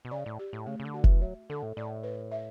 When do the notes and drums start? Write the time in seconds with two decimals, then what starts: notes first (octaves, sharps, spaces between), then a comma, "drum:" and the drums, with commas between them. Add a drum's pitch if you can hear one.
0.05 B2
0.11 C#3 D5
0.26 A2
0.39 G4
0.53 A2
0.66 C#3 A3
0.80 C#3
0.85 D3
0.94 F#4
1.04 E3, drum: kick F1
1.22 F#3 E5
1.50 D3 A4
1.63 A2
1.77 A2 D5
2.03 B4
2.32 E5